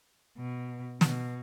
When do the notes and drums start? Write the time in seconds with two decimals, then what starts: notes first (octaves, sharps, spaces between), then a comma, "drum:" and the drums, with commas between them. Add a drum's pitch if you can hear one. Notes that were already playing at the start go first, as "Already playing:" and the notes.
0.38 B2
1.01 B2, drum: snare